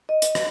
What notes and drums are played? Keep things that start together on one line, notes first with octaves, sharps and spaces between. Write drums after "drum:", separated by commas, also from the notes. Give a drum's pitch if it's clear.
D#5
drum: hi-hat
drum: rim click